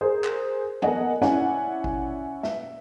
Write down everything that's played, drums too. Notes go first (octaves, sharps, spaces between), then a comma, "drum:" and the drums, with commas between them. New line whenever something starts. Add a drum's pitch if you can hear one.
G#4 A#4 C5
drum: clap
B3 A4 A#4 D#5 F#5 G#5, drum: tom E3
C#4 E4 D5 E5 F#5 G#5, drum: snare
drum: kick G#1
E5, drum: snare